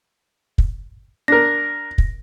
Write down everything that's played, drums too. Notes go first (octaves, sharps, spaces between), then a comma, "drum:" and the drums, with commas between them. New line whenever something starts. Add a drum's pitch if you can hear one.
drum: kick
D4 A#4 A#6
drum: kick